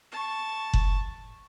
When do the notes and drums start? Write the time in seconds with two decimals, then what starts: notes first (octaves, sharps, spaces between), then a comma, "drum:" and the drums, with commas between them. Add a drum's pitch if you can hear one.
0.12 A5 C#6
0.73 drum: kick F#1